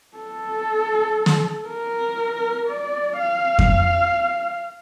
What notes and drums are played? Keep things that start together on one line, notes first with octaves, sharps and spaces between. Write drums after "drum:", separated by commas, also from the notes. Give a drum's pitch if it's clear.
A4
drum: snare
A#4
D5
F5
drum: kick F2